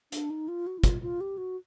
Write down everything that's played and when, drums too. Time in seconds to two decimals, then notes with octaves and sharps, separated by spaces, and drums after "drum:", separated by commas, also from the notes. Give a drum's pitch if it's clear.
0.12 D4, drum: hi-hat
0.30 D#4
0.48 F4
0.67 F#4
0.78 E4
0.84 F4, drum: kick, hi-hat
1.02 F4
1.21 G4
1.38 F#4